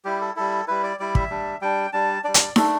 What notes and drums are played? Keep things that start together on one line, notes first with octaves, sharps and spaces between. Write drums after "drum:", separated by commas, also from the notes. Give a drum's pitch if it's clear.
G3 E4 G4
A4
G3 E4 A4
G3 E4 B4
D5
G3 E4 D5
E5, drum: kick
G3 D4
G3 D4 G5
G3 D4 A5
G3 D4 D5
drum: hi-hat
A3 D4 A4, drum: snare D#4